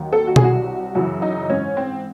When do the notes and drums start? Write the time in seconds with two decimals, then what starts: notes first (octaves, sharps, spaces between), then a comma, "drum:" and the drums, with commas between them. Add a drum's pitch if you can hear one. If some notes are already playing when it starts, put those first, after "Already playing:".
Already playing: D#2 D#3 F#3
0.13 A4
0.27 F#4
0.36 G#4, drum: tom B2
0.40 C2 C3 F#3 F#4
0.95 F#2 C#3 E3 F#4
1.22 D#4
1.49 G#2 E3 C#4
1.77 C4